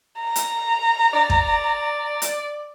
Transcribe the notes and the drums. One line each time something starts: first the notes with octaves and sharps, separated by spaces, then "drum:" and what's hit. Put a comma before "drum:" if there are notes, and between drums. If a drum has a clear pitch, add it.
A#5
drum: hi-hat
D5
drum: kick
drum: hi-hat